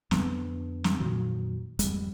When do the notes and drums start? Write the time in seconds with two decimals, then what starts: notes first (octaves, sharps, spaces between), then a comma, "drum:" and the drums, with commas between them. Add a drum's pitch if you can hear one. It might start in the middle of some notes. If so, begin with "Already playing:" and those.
0.11 F2 D3 B3, drum: snare
0.84 drum: snare
1.00 F2 A#2 D#3 F#3
1.79 G#1 F2 G3 G#3, drum: hi-hat